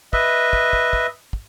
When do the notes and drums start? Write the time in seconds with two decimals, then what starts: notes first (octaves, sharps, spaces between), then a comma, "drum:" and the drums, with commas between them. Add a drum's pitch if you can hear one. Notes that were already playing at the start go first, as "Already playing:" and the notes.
0.13 B4 D#5 E5, drum: kick
0.53 drum: kick
0.73 drum: kick
0.93 drum: kick
1.33 drum: kick